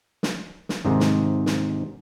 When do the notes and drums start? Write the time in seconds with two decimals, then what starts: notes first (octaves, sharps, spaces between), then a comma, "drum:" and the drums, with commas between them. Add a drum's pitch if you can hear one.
0.23 drum: snare
0.69 drum: snare
0.85 G#2 C3 D#3
1.00 drum: snare
1.46 drum: snare